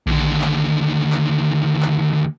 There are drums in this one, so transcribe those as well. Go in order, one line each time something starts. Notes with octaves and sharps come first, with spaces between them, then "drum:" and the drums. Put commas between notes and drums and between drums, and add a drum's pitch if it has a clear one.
D#2 D3, drum: kick A#1
drum: clap
drum: clap
drum: clap